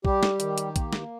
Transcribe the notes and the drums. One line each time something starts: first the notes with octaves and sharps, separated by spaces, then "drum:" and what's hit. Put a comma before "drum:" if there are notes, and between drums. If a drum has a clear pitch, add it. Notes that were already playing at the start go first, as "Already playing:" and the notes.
G3 G4, drum: kick
drum: snare
D#3, drum: hi-hat
drum: hi-hat
A#3, drum: kick, hi-hat
drum: snare